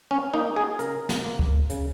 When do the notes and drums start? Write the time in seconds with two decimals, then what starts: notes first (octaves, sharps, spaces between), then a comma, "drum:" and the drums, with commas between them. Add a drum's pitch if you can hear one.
0.11 C#4
0.34 A#3 D#4
0.56 G#4
0.79 C#3 A#4, drum: hi-hat
1.09 drum: snare
1.25 A#3
1.39 drum: kick C#2
1.70 C#3, drum: hi-hat